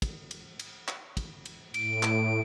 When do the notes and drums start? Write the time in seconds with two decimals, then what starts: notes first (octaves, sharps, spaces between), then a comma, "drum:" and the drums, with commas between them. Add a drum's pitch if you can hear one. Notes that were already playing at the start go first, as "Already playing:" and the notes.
0.02 drum: kick, cymbal
0.31 drum: cymbal
0.59 drum: cymbal
0.88 drum: clap
1.17 drum: kick, cymbal
1.45 drum: cymbal
1.74 A2 D7, drum: cymbal
2.03 drum: clap